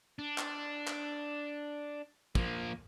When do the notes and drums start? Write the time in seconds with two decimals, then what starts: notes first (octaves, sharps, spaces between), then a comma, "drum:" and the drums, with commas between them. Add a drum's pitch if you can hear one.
0.19 D4
0.38 drum: clap
0.87 drum: clap
2.35 F3 A#3, drum: kick